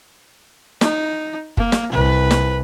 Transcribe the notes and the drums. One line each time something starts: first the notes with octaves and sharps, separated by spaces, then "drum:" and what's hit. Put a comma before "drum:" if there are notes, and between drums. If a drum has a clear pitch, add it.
D#4, drum: snare
A#3, drum: kick
drum: snare
C2 B4
drum: snare